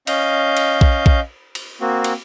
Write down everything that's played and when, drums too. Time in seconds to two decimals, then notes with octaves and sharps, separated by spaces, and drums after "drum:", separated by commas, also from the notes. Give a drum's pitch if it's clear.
0.07 C#4 D#5 F5 G6, drum: cymbal
0.57 drum: cymbal
0.81 drum: kick A#1
1.06 drum: kick A#1
1.55 drum: cymbal
1.81 A#3 C4 F#4
2.04 drum: cymbal